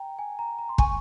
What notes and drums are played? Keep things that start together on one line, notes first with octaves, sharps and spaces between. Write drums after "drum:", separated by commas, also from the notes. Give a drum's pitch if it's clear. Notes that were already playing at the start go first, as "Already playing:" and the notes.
Already playing: G5 A#5
G#5
A#5
A#5
C6
G#5 C#6, drum: kick